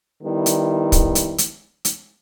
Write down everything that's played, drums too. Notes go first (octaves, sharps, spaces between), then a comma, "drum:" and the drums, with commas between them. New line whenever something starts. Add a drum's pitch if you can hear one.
D#3 G3 B3 E4
drum: hi-hat
drum: kick, hi-hat
drum: hi-hat
drum: hi-hat
drum: hi-hat